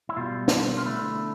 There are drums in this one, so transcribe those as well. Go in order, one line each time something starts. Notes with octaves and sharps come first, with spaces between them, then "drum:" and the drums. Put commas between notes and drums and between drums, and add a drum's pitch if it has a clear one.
E4
B2 G3 F4
drum: snare
F4
D3 A3 E4